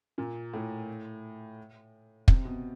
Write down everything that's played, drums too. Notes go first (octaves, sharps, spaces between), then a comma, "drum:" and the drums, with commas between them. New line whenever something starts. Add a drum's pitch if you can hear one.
A#2
A2
C3, drum: kick
B2